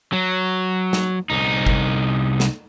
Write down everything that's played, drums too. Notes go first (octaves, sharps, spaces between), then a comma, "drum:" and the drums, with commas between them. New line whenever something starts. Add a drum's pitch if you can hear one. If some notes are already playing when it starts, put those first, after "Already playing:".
F#3
drum: snare
C2 D#4
drum: kick G1
drum: snare